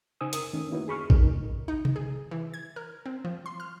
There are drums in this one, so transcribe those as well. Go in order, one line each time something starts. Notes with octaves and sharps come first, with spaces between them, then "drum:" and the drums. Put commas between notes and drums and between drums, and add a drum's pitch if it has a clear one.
C#3 D#4 C5 G#5 D#6 E6
A#4 D#6, drum: hi-hat
D#3 A3 C#4
A#3 D#4 E4 F#4 B4 C#5
G#4 B5 C#6 F6
D#4 A#4, drum: kick
D#4
drum: tom
G#4
E3
G#6
A#4
C4
F3
C6
F6